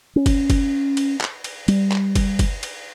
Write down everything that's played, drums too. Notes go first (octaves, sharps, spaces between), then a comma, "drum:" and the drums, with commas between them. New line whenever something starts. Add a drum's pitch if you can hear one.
C#4
drum: kick F#1, cymbal
drum: kick F#1, cymbal
drum: cymbal
drum: clap
drum: cymbal
G3, drum: cymbal
drum: clap
drum: kick F#1, cymbal
drum: kick F#1, cymbal
drum: cymbal